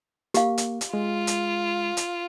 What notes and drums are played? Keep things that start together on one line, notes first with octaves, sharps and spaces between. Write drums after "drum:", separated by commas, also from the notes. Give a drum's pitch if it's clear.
A#3 G4 F5, drum: hi-hat
drum: hi-hat
drum: hi-hat
G#3 F4
drum: hi-hat
drum: hi-hat